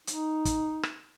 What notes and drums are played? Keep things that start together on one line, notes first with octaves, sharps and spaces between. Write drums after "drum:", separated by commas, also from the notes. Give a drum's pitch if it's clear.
D#4, drum: hi-hat
drum: kick, hi-hat
drum: rim click